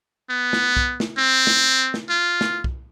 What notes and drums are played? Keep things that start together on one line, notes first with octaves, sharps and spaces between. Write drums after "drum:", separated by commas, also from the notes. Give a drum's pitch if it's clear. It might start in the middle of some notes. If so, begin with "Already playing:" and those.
B3
drum: snare
drum: kick
drum: snare
C4
drum: snare
drum: snare
F4
drum: snare
drum: kick